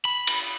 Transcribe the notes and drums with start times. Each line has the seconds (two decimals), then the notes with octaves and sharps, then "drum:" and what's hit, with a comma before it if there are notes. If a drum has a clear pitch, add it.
0.05 B5
0.27 drum: cymbal